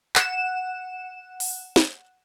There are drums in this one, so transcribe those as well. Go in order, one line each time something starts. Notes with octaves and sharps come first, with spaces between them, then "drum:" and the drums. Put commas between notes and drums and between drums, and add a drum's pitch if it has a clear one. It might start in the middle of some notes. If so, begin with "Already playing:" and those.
F#5 E7, drum: clap
drum: open hi-hat
drum: snare